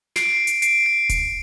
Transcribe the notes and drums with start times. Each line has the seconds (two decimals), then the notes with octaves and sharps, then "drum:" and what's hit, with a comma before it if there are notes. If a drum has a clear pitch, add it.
0.16 C7 D7, drum: snare
0.47 drum: hi-hat
0.62 C7 D7, drum: hi-hat
0.86 C7
1.09 drum: kick D1, hi-hat